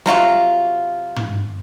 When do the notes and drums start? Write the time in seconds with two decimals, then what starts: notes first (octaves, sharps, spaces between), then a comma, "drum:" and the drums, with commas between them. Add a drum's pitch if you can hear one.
0.06 C3 F#3 F4 F#4, drum: snare
1.16 drum: tom